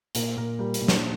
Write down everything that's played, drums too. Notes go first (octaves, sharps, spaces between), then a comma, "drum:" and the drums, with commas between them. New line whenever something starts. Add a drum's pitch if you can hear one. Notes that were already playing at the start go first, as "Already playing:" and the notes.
A#2 A#4, drum: hi-hat
A#2 A#4
G3 A#4
A#4, drum: hi-hat
A#2
D4, drum: snare